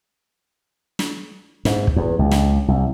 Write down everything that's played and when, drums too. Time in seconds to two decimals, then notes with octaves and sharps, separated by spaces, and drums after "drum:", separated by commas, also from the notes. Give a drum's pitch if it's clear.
0.99 drum: snare
1.65 G#2, drum: snare
1.87 drum: kick
1.96 E2
2.19 C#2
2.31 drum: snare
2.68 C2